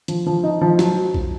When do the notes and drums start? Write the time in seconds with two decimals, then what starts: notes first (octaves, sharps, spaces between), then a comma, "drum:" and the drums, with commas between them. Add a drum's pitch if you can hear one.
0.08 F3, drum: hi-hat
0.26 F3
0.44 D#4
0.61 F3
0.79 F#3, drum: snare
1.14 drum: kick A#1